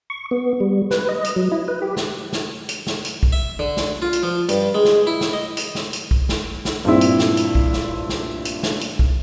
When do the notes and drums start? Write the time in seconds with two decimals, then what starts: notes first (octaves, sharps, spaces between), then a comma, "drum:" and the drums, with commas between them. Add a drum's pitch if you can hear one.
0.10 C#6
0.31 B3
0.60 G3
0.91 B4, drum: snare
1.09 D#5
1.25 drum: hi-hat
1.36 F#3
1.52 E4
1.68 B4
1.82 G4
1.97 drum: snare
2.33 drum: snare
2.69 drum: hi-hat
2.87 drum: snare
3.05 drum: hi-hat
3.23 drum: kick
3.33 E5
3.59 D3
3.77 drum: snare
4.02 F4
4.13 drum: hi-hat
4.23 F3
4.49 G2, drum: hi-hat
4.74 G#3
4.85 drum: snare
5.07 E4
5.21 drum: snare
5.33 D#5
5.57 drum: hi-hat
5.75 drum: snare
5.93 drum: hi-hat
6.11 drum: kick
6.29 drum: snare
6.65 drum: snare
6.85 G2 A#2 C4 E4
7.01 drum: hi-hat
7.19 drum: snare
7.37 drum: hi-hat
7.55 drum: kick
7.73 drum: snare
8.09 drum: snare
8.45 drum: hi-hat
8.63 drum: snare
8.81 drum: hi-hat
8.99 drum: kick